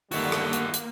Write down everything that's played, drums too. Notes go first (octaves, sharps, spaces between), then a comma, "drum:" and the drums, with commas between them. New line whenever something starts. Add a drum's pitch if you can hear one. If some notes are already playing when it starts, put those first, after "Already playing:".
G1 D3 D#3 G3 A#3 F#4 E5, drum: open hi-hat
drum: rim click
drum: hi-hat
drum: hi-hat